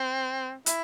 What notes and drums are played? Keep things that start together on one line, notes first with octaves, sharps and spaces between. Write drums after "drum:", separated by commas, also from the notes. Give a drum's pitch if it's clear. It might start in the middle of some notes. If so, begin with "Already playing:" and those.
Already playing: C4
E4, drum: hi-hat